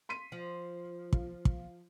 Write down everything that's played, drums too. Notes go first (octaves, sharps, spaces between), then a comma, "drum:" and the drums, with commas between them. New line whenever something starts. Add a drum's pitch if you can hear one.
C6 B6 D#7
F3
F4, drum: kick
drum: kick